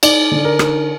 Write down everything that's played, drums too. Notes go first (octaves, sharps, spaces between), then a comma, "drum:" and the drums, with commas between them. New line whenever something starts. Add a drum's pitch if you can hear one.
D#4 D5, drum: cymbal
D3
A#4
D#4, drum: rim click